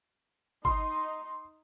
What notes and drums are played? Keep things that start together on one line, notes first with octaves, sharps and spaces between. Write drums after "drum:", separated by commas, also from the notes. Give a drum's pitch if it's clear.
D#4 C6, drum: kick